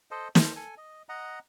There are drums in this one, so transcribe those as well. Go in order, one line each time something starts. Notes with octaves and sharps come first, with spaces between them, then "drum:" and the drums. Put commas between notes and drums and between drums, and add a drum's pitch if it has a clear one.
A4 C5 D#5
A4 C5, drum: snare
A4 G#5
D#5
D#5 F#5 A#5